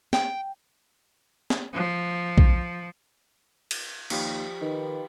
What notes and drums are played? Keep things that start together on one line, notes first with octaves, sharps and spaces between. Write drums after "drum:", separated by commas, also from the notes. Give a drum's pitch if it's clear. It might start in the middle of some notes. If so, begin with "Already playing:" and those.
G5, drum: snare
drum: snare
F3
drum: kick
drum: cymbal
D#2 F3 G4 D5, drum: cymbal
D#3 D#4 B4